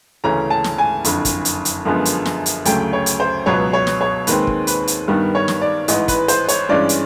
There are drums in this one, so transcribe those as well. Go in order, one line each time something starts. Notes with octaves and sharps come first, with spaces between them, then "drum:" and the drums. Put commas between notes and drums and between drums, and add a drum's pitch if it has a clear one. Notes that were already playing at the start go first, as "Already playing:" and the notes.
D2 C#3 E3 A3 C#4 A#5
A5
drum: snare
G#5
F#1 F2 D3, drum: hi-hat
drum: kick, hi-hat
drum: hi-hat
drum: hi-hat
F#2 D3 F3 G#3 B3
drum: hi-hat
drum: snare
drum: hi-hat
D2 C#3 F#3 A3 G5, drum: hi-hat
C#5
drum: hi-hat
C5
C#2 B2 F#3 B3 C#5
C#5
drum: snare
C#5
D#2 D#3 G#3 C4 B4, drum: hi-hat
drum: kick
B4, drum: hi-hat
drum: hi-hat
G2 D#3 G3 B3
C#5
drum: snare
D5
A1 G#2 E3 D#5, drum: hi-hat
B4, drum: kick, hi-hat
C5, drum: hi-hat
C#5, drum: hi-hat
G2 E3 G#3 C#4 D5
drum: hi-hat